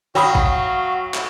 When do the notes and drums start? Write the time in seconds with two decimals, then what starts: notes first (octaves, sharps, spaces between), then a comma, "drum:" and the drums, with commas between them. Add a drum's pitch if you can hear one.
0.15 F#3 F#4 F5 G5 B5 D#6
0.35 drum: kick G#1
1.14 drum: clap